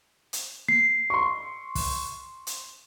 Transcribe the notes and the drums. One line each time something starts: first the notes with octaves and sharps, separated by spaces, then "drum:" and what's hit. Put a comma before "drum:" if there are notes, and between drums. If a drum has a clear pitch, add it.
drum: hi-hat
C7
C6 C#6
drum: kick, open hi-hat
drum: hi-hat